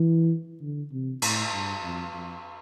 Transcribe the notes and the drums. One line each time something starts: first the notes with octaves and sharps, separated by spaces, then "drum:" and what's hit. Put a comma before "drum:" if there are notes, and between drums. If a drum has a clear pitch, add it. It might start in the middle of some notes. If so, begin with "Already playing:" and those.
Already playing: E3
D3
C3
A2, drum: cymbal
G2
F2
F2